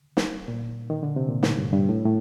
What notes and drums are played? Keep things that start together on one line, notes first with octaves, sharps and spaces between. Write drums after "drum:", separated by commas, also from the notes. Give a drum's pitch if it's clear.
drum: snare
A#2
D#3
D3
C3
A#2
A2, drum: snare
G2
G2
A2
A2